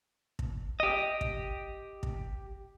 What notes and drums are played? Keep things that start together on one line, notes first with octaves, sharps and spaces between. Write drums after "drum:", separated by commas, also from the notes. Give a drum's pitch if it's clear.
drum: kick
G4 D#5
drum: kick
drum: kick